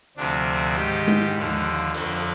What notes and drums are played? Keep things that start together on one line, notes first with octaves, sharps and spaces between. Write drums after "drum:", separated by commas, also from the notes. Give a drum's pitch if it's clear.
D2 C3 F3 D4
G#2 D#3 G4
drum: tom G#3
D#2 D3 F3
F2 D3 F3, drum: cymbal